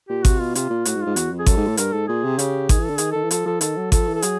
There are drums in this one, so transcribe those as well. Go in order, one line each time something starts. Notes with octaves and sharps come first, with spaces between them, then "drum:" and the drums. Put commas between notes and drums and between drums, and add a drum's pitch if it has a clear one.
A#2 G4
C3 F#4, drum: kick G#1, hi-hat
B2 F4
C3 F4, drum: hi-hat
A#2
A2 F#4, drum: hi-hat
G#2
F4
G#2
E2 F#4, drum: hi-hat
F2
G#4
F#2 A4, drum: kick G#1, hi-hat
G#2
A2
G2 A#4, drum: hi-hat
G#2 A4
A#2 G#4
C3
C#3 G4, drum: hi-hat
D#3 G#4, drum: kick G#1, hi-hat
E3
A4
D3
D#3 G#4, drum: hi-hat
D#3 A4
E3
F3 A4, drum: hi-hat
F3 A4
D#3 A4, drum: hi-hat
F#3
F3 A4, drum: kick G#1, hi-hat
E3
A4
F#3 G#4, drum: hi-hat